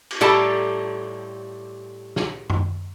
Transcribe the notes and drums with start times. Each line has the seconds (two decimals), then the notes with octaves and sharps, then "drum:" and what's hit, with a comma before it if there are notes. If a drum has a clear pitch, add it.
0.11 drum: cymbal
0.21 A2 G3 G4 A4 A5 A#5
2.16 drum: snare
2.50 drum: tom F#2